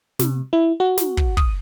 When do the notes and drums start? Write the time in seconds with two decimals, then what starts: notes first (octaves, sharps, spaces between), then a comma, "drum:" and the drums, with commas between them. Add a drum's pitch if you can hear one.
0.19 C3, drum: snare
0.53 E4
0.80 F#4
0.98 drum: snare
1.17 drum: kick
1.37 D#6, drum: kick